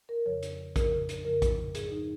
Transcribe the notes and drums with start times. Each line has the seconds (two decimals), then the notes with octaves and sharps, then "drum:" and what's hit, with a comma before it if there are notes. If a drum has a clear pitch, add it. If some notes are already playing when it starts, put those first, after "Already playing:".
0.09 A#4
0.26 F2 C#3 F3 C#5
0.43 drum: hi-hat
0.76 F2 C#3 F3 A#4, drum: kick A#1, hi-hat
1.09 drum: hi-hat
1.25 F2 C#3 F3 A#4
1.42 drum: kick A#1, hi-hat
1.75 G#2 F3 G#4, drum: hi-hat
1.91 D#4